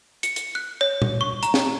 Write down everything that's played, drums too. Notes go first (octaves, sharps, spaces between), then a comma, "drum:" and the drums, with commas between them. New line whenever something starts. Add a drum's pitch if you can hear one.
C#7, drum: hi-hat
drum: hi-hat
F#6
C#5
drum: tom A#2
C#6
A#5, drum: hi-hat
drum: snare